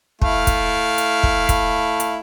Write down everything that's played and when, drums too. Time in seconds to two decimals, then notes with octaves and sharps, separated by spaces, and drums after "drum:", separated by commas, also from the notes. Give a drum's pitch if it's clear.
0.22 A3 E4 F5, drum: kick
0.47 drum: kick, hi-hat
0.98 drum: hi-hat
1.23 drum: kick
1.49 drum: kick, hi-hat
2.00 drum: hi-hat